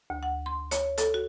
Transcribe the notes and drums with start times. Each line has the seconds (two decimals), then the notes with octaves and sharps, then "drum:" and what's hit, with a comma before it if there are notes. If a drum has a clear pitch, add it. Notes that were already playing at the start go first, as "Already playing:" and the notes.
0.10 D2
0.23 F#5
0.46 C6
0.71 C#5, drum: hi-hat
0.98 A4, drum: hi-hat
1.14 F#4